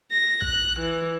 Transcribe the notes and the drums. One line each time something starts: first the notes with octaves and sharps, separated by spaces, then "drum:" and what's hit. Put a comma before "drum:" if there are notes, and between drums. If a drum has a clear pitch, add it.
A#6
F#6, drum: kick
E3